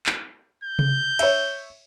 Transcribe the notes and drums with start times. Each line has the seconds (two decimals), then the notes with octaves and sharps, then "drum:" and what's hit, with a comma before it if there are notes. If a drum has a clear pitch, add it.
0.06 drum: clap
0.64 G6
0.79 drum: tom C3
1.19 C#5 E5, drum: cymbal